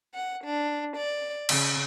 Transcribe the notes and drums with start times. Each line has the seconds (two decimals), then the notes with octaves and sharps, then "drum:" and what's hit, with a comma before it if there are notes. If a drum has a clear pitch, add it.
0.14 F#5
0.45 D4
0.96 D5
1.49 C#3, drum: cymbal